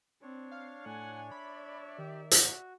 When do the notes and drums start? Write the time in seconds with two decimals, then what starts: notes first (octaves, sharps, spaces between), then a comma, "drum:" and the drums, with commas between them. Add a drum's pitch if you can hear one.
0.22 C4 D4 C#5
0.51 F5
0.86 A2 F#5 G#5
1.31 D5 E5 B5
1.98 D#3 G4
2.31 F#4, drum: hi-hat